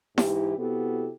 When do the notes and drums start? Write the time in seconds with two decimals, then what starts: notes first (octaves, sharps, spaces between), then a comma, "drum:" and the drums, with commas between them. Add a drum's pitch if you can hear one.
0.18 G#2 E3 E4 G4, drum: snare E4
0.58 C3 B3 E4 F#4 G4 A4